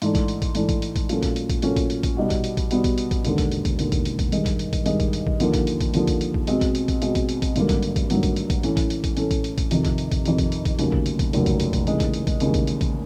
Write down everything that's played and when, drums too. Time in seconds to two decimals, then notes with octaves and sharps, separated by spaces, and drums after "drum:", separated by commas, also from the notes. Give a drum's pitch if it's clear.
0.02 G#2 E3 A3 D4, drum: hi-hat
0.15 drum: kick A1, hi-hat
0.28 drum: hi-hat
0.42 drum: kick A1, hi-hat
0.55 G#2 E3 A3 D4, drum: hi-hat
0.69 drum: kick A1, hi-hat
0.82 drum: hi-hat
0.96 drum: kick A1, hi-hat
1.09 A#2 F#3 A3 C#4 F4, drum: hi-hat
1.23 drum: kick A1, hi-hat
1.36 drum: hi-hat
1.50 drum: kick A1, hi-hat
1.62 A#2 F#3 A3 C#4 F4, drum: hi-hat
1.76 drum: kick A1, hi-hat
1.90 drum: hi-hat
2.03 drum: kick A1, hi-hat
2.17 B2 G3 B3 D#4 F#4
2.30 drum: kick A1, hi-hat
2.44 drum: hi-hat
2.57 drum: kick A1, hi-hat
2.71 B2 G3 B3 D#4 F#4, drum: hi-hat
2.84 drum: kick A1, hi-hat
2.98 drum: hi-hat
3.11 drum: kick A1, hi-hat
3.25 E1 D#2 D3, drum: hi-hat
3.38 drum: kick A1, hi-hat
3.52 drum: hi-hat
3.65 drum: kick A1, hi-hat
3.79 E1 D#2 D3, drum: hi-hat
3.92 drum: kick A1, hi-hat
4.05 drum: hi-hat
4.19 drum: kick A1, hi-hat
4.32 G2 D#3 G#3, drum: hi-hat
4.46 drum: kick A1, hi-hat
4.59 drum: hi-hat
4.73 drum: kick A1, hi-hat
4.86 G2 D#3 G#3, drum: hi-hat
5.00 drum: kick A1, hi-hat
5.13 drum: hi-hat
5.27 drum: kick A1
5.40 D#2 D3 F3 A#3, drum: hi-hat
5.54 drum: kick A1, hi-hat
5.67 drum: hi-hat
5.81 drum: kick A1, hi-hat
5.94 D#2 D3 F3 A#3, drum: hi-hat
6.07 drum: kick A1, hi-hat
6.21 drum: hi-hat
6.34 drum: kick A1
6.47 B2 G#3 C4, drum: hi-hat
6.61 drum: kick A1, hi-hat
6.75 drum: hi-hat
6.88 drum: kick A1, hi-hat
7.02 B2 G#3 C4, drum: hi-hat
7.15 drum: kick A1, hi-hat
7.29 drum: hi-hat
7.42 drum: kick A1, hi-hat
7.56 G#1 G2 D3 F#3 A#3, drum: hi-hat
7.69 drum: kick A1, hi-hat
7.83 drum: hi-hat
7.96 drum: kick A1, hi-hat
8.10 G#1 G2 D3 F#3 A#3, drum: hi-hat
8.23 drum: kick A1, hi-hat
8.36 drum: hi-hat
8.50 drum: kick A1, hi-hat
8.63 A2 E3 A3 C#4, drum: hi-hat
8.77 drum: kick A1, hi-hat
8.90 drum: hi-hat
9.04 drum: kick A1, hi-hat
9.17 A2 E3 A3 C#4, drum: hi-hat
9.31 drum: kick A1, hi-hat
9.44 drum: hi-hat
9.58 drum: kick A1, hi-hat
9.71 F2 C3 D#3, drum: hi-hat
9.85 drum: kick A1, hi-hat
9.98 drum: hi-hat
10.12 drum: kick A1, hi-hat
10.25 F2 C3 D#3, drum: hi-hat
10.38 drum: kick A1, hi-hat
10.52 drum: hi-hat
10.65 drum: kick A1, hi-hat
10.79 F1 D#2 C#3 F#3, drum: hi-hat
10.92 drum: kick A1
11.06 drum: hi-hat
11.19 drum: kick A1, hi-hat
11.33 F1 D#2 C#3 F#3, drum: hi-hat
11.46 drum: kick A1, hi-hat
11.60 drum: hi-hat
11.73 drum: kick A1, hi-hat
11.87 D#2 C#3 E3 G#3, drum: hi-hat
12.00 drum: kick A1, hi-hat
12.14 drum: hi-hat
12.27 drum: kick A1, hi-hat
12.40 D#2 C#3 E3 G#3, drum: hi-hat
12.54 drum: kick A1, hi-hat
12.67 drum: hi-hat
12.81 drum: kick A1, hi-hat